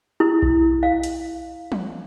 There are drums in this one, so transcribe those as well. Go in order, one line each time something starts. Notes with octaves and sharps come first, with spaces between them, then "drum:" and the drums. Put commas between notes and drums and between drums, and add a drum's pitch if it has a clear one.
E4
drum: kick B1
F5
drum: hi-hat
drum: tom